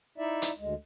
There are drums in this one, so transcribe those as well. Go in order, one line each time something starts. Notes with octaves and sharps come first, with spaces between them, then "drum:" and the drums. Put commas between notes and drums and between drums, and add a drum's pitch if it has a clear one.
D#4 E4 D5 E5
drum: hi-hat
D2 G#3